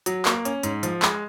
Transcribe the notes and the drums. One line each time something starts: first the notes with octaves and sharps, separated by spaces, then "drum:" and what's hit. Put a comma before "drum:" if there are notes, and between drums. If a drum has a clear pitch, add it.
F#3, drum: hi-hat
A#3, drum: clap
C#4, drum: hi-hat
G#2, drum: hi-hat
F3, drum: hi-hat
G#3, drum: clap